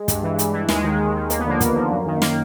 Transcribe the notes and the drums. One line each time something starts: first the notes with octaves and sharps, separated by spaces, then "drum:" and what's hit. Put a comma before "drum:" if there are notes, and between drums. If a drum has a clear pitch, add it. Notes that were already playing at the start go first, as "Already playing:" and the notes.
Already playing: G#3
G2, drum: kick, hi-hat
E3
G2, drum: hi-hat
E3
D#2 G#3, drum: snare
D#3
D#2
D#3
D#2 A#3, drum: hi-hat
B3
D3 F3 A#3
D#2, drum: kick, hi-hat
D3 F3
F#2
D#3
A#3, drum: snare